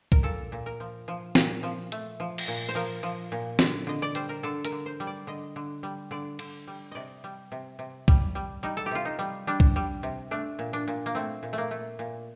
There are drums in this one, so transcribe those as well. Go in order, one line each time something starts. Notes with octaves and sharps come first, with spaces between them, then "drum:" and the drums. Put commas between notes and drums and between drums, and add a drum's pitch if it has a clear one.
A#4, drum: kick
A#2 A4
A#2
A#4
F3
F3
A#2, drum: snare
F3
A3, drum: hi-hat
F3
drum: cymbal
A#2
C5
F3 A#4
F3
A#2
D3, drum: snare
D3 D#5
D5
G3 C5, drum: hi-hat
A#4
D3 A4
A#4, drum: hi-hat
D3
C5
G3
D5
D3 D#5
D3
G3
D3 D5
D3, drum: cymbal
G3
C3 D5 D#5
G3
C3
C3
G3, drum: kick
G3
G3 D#4
A4
G4
C3 F4
D#4
G3
G3 D4
drum: kick
G3
C3
A3 D4
A#2
D4
A#2
A#3
A3 C4
A#2
A3 A#3
A3
A#2